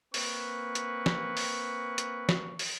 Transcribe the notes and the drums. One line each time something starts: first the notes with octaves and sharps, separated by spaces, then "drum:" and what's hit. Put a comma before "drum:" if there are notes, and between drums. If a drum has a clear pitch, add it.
A#3 C4 B4 C#6, drum: open hi-hat
drum: hi-hat
drum: snare
drum: open hi-hat
drum: hi-hat
drum: snare
drum: open hi-hat